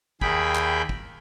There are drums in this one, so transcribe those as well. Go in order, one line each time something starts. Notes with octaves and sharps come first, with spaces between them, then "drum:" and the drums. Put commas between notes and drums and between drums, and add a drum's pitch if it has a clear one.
D#2 G#4 G5 B5, drum: kick
drum: clap
drum: kick